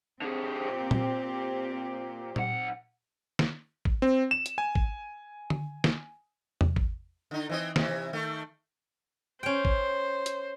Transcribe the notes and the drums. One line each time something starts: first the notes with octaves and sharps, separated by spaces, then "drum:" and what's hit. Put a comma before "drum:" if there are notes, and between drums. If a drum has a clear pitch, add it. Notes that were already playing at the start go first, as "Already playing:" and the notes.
D3 C4 G4 G#4
A#2
drum: tom A#2
B1 F#5, drum: tom A#2
drum: snare
drum: kick
C4
E7
drum: hi-hat
G#5
drum: kick
drum: tom D3
drum: snare
drum: tom E2
drum: kick
D3 D#4
E3 C4 D#5
C3 E3, drum: snare
D#3 A3
C#4 C5 G5
drum: kick
drum: hi-hat